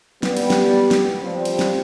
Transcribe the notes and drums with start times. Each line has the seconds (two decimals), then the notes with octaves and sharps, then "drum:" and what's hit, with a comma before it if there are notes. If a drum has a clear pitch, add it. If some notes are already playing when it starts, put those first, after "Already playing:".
0.23 G3 B3, drum: snare
0.37 drum: cymbal
0.50 drum: snare
0.91 drum: snare
1.22 F3 G3 C4
1.45 drum: cymbal
1.59 drum: snare